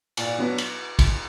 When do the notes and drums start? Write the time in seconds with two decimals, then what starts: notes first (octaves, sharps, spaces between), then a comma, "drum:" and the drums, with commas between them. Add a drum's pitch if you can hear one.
0.17 A#2 D5, drum: cymbal
0.38 F#3 B3 D4
0.58 drum: cymbal
0.99 drum: kick, cymbal